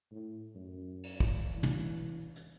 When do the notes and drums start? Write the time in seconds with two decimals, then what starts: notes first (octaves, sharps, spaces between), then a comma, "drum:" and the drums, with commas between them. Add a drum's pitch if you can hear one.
0.12 A2
0.55 F#2
1.04 drum: cymbal
1.20 drum: kick
1.52 E3
1.63 drum: tom
2.36 drum: hi-hat